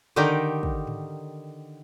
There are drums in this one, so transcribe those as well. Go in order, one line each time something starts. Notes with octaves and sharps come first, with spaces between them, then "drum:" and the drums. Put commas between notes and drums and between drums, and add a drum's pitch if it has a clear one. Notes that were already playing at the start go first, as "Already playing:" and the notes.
D3 D#3 D#4 G4 A#4
drum: kick
drum: tom G#2